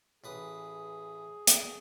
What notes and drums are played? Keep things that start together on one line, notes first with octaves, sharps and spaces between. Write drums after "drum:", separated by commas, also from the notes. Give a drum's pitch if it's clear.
A1 G#4 B4 D#6
drum: hi-hat